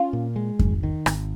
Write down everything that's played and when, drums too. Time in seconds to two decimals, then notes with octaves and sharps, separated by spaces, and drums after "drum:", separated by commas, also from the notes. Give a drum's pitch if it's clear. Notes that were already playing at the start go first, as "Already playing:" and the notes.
Already playing: C#4 F4
0.13 A#2
0.36 G#3
0.59 G#1, drum: kick F2
0.83 D#3
1.06 G#1, drum: rim click